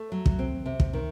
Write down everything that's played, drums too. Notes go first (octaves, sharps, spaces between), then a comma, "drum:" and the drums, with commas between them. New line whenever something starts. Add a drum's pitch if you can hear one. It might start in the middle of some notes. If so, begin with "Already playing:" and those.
Already playing: A3
F#3
drum: kick
C4
C3
drum: kick
D#3